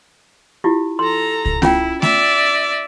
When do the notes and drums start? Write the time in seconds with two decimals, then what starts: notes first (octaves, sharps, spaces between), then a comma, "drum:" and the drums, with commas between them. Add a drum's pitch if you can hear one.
0.64 E4 F4 G4
0.99 A4 A#5 C6
1.46 drum: kick C2
1.62 C#4 E4 F4 G5, drum: snare A3
2.02 D5 E5, drum: snare A3